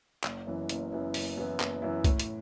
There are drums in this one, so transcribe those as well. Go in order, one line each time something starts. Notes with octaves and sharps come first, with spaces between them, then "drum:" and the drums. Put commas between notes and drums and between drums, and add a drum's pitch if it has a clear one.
F#1, drum: clap
F#2 E3 B3 E4
F#1, drum: hi-hat
F#2 E3 B3 E4
F#1, drum: open hi-hat
F#2 E3 B3 E4
F#1, drum: clap
F#2 E3 B3 E4
A2, drum: kick C2, hi-hat
drum: hi-hat